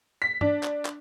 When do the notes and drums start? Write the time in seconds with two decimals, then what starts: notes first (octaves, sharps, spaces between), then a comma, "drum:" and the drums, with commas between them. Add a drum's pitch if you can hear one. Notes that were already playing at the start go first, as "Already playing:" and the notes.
0.22 B6
0.41 D4, drum: tom G2
0.63 drum: clap
0.85 drum: clap